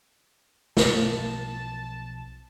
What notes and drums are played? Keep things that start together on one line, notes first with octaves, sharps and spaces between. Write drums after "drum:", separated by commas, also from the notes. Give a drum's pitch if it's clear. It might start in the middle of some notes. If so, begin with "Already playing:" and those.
B1 F3 A5, drum: snare